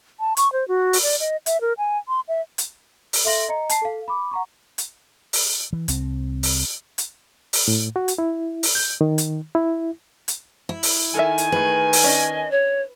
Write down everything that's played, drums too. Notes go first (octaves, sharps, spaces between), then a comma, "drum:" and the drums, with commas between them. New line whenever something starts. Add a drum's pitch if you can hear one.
A5
C#6, drum: hi-hat
C5
F#4
drum: open hi-hat
D5
D#5
E5, drum: hi-hat
A#4
G#5
C6
E5
drum: hi-hat
drum: open hi-hat
A4 E5 F5 C6 A#6 F#7
D#5 A#5 C#7
A5 C7, drum: hi-hat
A4 F5
B5 D6
F#5 A#5 C#6
drum: hi-hat
drum: open hi-hat
E3
C2 C4, drum: hi-hat
drum: open hi-hat
drum: hi-hat
drum: open hi-hat
A2
F#4
drum: hi-hat
E4
drum: open hi-hat
G6
D#3
drum: hi-hat
E4
drum: hi-hat
E4
drum: open hi-hat
D#3 A4 A#4 E5 G#5
drum: hi-hat
A3 G#4 B4
drum: open hi-hat
C#4 D4 D#5
C#5